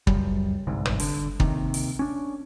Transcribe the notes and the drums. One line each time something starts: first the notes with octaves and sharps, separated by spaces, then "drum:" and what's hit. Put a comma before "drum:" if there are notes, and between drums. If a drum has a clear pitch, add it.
C#2 F#2 G3, drum: kick
G1 C2 G#2
drum: tom
D3, drum: open hi-hat
D#2 C3 D#3, drum: kick
drum: open hi-hat
C#4 D4